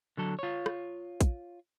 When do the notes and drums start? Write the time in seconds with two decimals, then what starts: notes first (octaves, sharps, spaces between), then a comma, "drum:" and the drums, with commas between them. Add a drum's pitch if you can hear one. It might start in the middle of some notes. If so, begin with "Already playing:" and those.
0.17 D3 F#3 A4
0.39 F4 C#5
0.66 drum: rim click
1.21 drum: kick, hi-hat